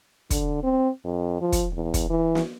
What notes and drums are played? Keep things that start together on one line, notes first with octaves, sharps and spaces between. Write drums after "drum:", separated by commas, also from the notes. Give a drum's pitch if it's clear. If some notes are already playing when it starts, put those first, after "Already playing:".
D3, drum: kick, hi-hat
C4
F2
F3
drum: kick, hi-hat
E2
drum: kick, hi-hat
E3
drum: snare